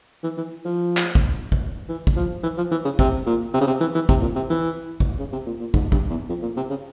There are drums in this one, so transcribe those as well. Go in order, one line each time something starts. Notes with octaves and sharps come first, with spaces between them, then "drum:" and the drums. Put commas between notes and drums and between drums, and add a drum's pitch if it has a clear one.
E3
E3
F3
drum: clap
drum: kick
drum: kick
E3
drum: kick
F3
E3
F3
E3
C#3
C3, drum: kick
A#2
C3
C#3
C3
E3
E3
C3, drum: kick
A#2
C3
E3
drum: kick
C#3
C3
A#2
A#2
G#2, drum: kick
G2, drum: kick
E2
F2
A#2
C3
C#3